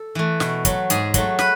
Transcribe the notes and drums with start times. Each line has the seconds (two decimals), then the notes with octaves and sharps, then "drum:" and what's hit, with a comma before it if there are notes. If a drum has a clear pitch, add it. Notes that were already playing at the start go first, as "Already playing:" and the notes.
Already playing: A4
0.15 E3 A3
0.40 B2, drum: snare
0.65 F#3 A3, drum: kick, hi-hat
0.90 G#2 G#4, drum: hi-hat
1.14 F#3 A3, drum: kick, hi-hat
1.39 B4, drum: snare